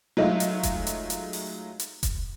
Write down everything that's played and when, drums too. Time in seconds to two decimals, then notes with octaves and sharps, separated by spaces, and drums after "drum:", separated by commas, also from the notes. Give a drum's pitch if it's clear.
0.17 F#3 G#3 A3 D#4 F4
0.40 drum: hi-hat
0.63 drum: kick F1, hi-hat
0.87 drum: hi-hat
1.10 drum: hi-hat
1.33 drum: open hi-hat
1.79 drum: hi-hat
2.03 drum: kick F1, hi-hat